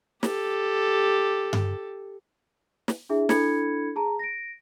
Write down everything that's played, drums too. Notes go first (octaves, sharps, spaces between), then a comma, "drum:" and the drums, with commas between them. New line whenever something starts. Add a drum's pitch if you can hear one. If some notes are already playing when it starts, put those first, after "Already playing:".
G4 A4, drum: snare
drum: tom G2
drum: snare
D4 E4 G#4 E5
D4 E4 A4 B5 G#6 C#7, drum: snare
G#4 A5 A#5
A#6 D7